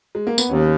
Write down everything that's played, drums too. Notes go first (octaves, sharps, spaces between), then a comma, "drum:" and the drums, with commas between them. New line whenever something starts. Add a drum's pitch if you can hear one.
G#3
A#3
B3, drum: tambourine
D#2 C#4